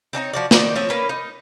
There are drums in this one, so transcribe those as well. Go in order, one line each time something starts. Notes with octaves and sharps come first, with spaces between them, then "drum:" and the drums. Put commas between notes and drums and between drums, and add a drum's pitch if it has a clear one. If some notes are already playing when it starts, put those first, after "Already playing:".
C4 D4 D#4 C#5
F3 F#4 D5
D#3 D#4 C5 D5, drum: snare
F3 C4 C#5
A#3 C#4 B4
D#4